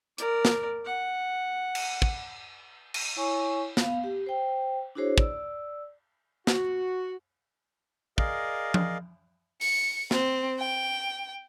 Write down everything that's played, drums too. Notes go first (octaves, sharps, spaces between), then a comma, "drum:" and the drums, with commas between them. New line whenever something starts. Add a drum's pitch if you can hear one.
A#4 D5, drum: hi-hat
drum: snare
F#5
drum: cymbal
drum: kick
drum: cymbal
E4 C#5 G#5 C#6
B3 F5, drum: snare
G4
C5 G5
D4 E4 F#4 G#4 C5 C#5
D5 E6, drum: kick
F#4, drum: snare
G#4 A#4 D5 D#5 F5, drum: kick
drum: tom F3
C#7, drum: open hi-hat
C4, drum: snare
G5